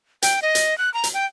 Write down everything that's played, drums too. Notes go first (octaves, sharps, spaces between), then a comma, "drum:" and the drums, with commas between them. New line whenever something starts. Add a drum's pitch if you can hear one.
G5, drum: hi-hat
D#5
drum: hi-hat
F#6
A#5
drum: hi-hat
G5